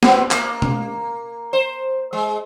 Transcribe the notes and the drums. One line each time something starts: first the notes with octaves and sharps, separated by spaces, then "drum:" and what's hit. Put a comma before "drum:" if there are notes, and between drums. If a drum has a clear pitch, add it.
B3 C4, drum: snare
A#3, drum: clap
drum: tom B2
C5
G#3